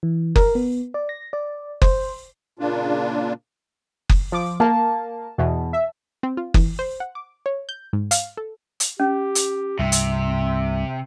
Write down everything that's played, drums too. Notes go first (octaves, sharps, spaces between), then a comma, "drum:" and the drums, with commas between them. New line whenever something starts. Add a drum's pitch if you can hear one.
E3
A#4, drum: kick F#1
B3
D5
A#6
D5
C5, drum: kick F#1
A#2 C#3 A#3 D4 F4
drum: kick F#1
F3 D6
A#3 A5
E2 B2
E5
C4
F4
E3, drum: kick F#1
C5
F#5
D6
C#5
G6
G#2
F5, drum: hi-hat
A4
drum: hi-hat
C#4 G4
drum: hi-hat
C2 G2 C3 E5
drum: hi-hat